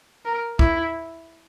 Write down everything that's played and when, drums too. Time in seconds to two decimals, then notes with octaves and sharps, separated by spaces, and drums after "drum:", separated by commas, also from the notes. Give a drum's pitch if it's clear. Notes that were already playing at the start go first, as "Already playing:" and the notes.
0.25 A#4
0.59 E4, drum: kick B1